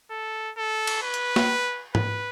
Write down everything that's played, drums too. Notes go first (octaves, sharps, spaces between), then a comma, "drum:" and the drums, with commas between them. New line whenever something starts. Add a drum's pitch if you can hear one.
A4
A4
drum: cymbal
B4
drum: hi-hat
drum: snare A#3
B4, drum: tom G#2